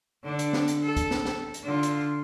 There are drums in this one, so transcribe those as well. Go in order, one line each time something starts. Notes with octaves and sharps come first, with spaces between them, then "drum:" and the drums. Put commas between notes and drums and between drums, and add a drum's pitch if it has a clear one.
D3 D4
drum: hi-hat
drum: snare
drum: hi-hat
A4
drum: kick, hi-hat
drum: snare
drum: snare
drum: hi-hat
D3 F4
drum: hi-hat